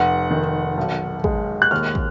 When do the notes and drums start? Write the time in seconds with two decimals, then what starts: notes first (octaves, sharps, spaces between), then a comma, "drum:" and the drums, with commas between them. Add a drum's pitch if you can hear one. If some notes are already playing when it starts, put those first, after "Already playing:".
Already playing: F1 F#5
0.31 D#3
0.77 B1
1.24 G#3, drum: kick
1.62 F#6
1.71 D#2 F6
1.95 drum: kick